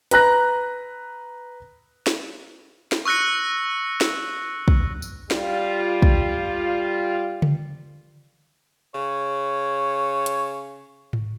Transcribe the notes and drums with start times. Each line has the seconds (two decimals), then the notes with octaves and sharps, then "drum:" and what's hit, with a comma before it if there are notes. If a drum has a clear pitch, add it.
0.11 B4 A#5 F#6 A#6, drum: hi-hat
2.07 drum: snare
2.92 drum: snare
3.05 C#6 E6 F#6 A#6 C#7
4.01 drum: snare
4.68 drum: kick
5.02 drum: tambourine
5.31 G3 F4, drum: snare
6.02 drum: kick
7.42 drum: tom C#3
8.95 C#3 C#5
10.26 drum: hi-hat
11.13 drum: tom G#2